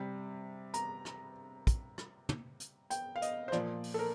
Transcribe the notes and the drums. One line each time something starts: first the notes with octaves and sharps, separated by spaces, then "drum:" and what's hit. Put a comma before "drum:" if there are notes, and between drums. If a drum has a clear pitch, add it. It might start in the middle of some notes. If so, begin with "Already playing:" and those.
Already playing: C3 G3
A#5, drum: hi-hat
drum: rim click
drum: kick, hi-hat
drum: rim click
drum: tom
drum: hi-hat
G5, drum: hi-hat
F5
D#5, drum: hi-hat
C5
A#2 F3 D5, drum: rim click
drum: open hi-hat
A4
A#4